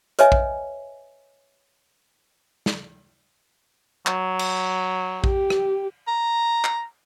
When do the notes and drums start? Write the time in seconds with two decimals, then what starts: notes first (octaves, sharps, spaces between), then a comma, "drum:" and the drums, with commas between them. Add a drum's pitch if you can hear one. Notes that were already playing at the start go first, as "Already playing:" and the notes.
0.19 B4 C#5 D#5 E5 G#5, drum: hi-hat
0.32 drum: kick A#1
2.66 drum: snare
4.07 F#3, drum: clap
4.39 drum: cymbal
5.24 G4, drum: kick A#1
5.50 drum: rim click
6.08 A#5
6.64 drum: clap